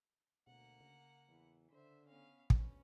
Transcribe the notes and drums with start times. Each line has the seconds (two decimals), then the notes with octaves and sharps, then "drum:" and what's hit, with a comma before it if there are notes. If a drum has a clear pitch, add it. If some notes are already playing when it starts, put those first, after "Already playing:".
0.47 D2 B2 A#3 F#5
0.80 C#3
1.28 E2 E3
1.72 D3 C5 E5
2.08 B3 C#4 F5
2.50 D2 B3 C#4, drum: kick